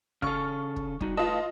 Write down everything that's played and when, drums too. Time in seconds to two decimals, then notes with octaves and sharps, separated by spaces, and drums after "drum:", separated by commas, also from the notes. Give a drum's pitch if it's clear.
0.22 C#3 A4 C#6 F6, drum: kick
0.76 drum: kick
1.00 G3 D#4 F#4, drum: kick
1.17 A2 F4 B4 D#5 A5